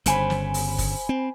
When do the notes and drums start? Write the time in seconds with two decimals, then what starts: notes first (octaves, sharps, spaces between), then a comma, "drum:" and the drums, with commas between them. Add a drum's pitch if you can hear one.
0.06 G1 C#3 C5 G#5 B5, drum: hi-hat
0.30 drum: snare
0.54 drum: open hi-hat
0.78 drum: kick, open hi-hat
1.09 C4